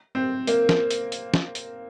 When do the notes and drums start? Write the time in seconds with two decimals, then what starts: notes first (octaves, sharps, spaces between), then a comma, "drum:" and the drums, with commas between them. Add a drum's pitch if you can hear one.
0.15 C4
0.47 A#3, drum: hi-hat
0.69 drum: snare
0.91 drum: hi-hat
1.12 drum: hi-hat
1.34 drum: snare
1.55 drum: hi-hat